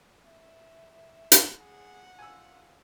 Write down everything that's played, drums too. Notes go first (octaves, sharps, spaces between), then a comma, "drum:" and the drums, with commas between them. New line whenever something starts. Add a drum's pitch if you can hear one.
E5
drum: hi-hat
G#4 F#5
F4 G#5 E6